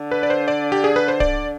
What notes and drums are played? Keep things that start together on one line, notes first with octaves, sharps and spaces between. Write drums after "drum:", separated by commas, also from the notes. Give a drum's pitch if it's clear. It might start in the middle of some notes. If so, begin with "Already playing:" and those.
Already playing: D3
B4
D5
C5
D5
G4
G#4
B4
C5
D5, drum: kick D1